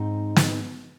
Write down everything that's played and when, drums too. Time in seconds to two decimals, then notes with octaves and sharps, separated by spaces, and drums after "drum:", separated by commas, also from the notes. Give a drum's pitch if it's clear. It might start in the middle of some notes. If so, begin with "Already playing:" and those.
Already playing: G#2 G#3 C4 D#4
0.36 drum: snare